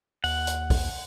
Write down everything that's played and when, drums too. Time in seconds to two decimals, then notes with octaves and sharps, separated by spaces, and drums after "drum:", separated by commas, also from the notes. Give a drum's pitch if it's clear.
0.24 D#2 F#5, drum: open hi-hat
0.47 drum: hi-hat
0.70 drum: kick, open hi-hat